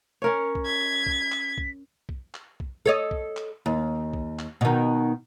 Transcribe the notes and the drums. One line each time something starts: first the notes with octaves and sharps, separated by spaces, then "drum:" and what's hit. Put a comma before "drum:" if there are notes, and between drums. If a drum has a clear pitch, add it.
C#4 A#4 C#5
drum: kick B1
G#6 B6
drum: kick B1
drum: clap
drum: kick B1
drum: kick B1
drum: clap
drum: kick B1
A4 C#5 D#5
drum: kick B1
drum: clap
D#2
drum: kick B1
drum: clap
B2 D#3